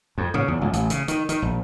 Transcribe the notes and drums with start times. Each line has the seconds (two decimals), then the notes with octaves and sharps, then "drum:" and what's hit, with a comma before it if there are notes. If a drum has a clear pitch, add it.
0.18 F2
0.34 C#3, drum: tom G2
0.48 E2
0.61 C#2
0.73 A1, drum: hi-hat
0.90 C#3, drum: hi-hat
1.08 D#3, drum: hi-hat
1.29 D#3, drum: hi-hat
1.42 A#1